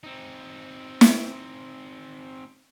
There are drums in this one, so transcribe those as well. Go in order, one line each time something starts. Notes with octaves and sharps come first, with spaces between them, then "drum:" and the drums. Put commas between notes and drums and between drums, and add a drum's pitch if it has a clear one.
C4 D#4
drum: snare